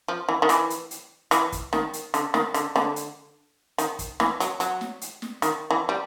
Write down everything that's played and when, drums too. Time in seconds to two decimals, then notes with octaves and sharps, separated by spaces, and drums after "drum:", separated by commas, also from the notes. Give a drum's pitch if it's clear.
0.08 F3
0.29 E3
0.42 D#3
0.49 E3, drum: hi-hat
0.70 drum: hi-hat
0.91 drum: hi-hat
1.31 E3, drum: hi-hat
1.52 drum: kick, hi-hat
1.73 D#3, drum: snare
1.93 drum: hi-hat
2.14 D3, drum: hi-hat
2.34 D#3, drum: snare
2.54 D3, drum: hi-hat
2.76 D3, drum: snare
2.96 drum: hi-hat
3.78 D#3, drum: hi-hat
3.99 drum: kick, hi-hat
4.20 E3, drum: snare
4.40 F#3, drum: hi-hat
4.60 F#3, drum: hi-hat
4.81 drum: snare
5.01 drum: hi-hat
5.22 drum: snare
5.42 D#3, drum: hi-hat
5.71 E3
5.89 G3